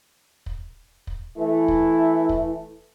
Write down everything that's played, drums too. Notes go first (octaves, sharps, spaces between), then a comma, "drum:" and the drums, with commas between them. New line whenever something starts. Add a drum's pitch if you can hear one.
drum: kick
drum: kick
E3 A3 E4
drum: kick
drum: kick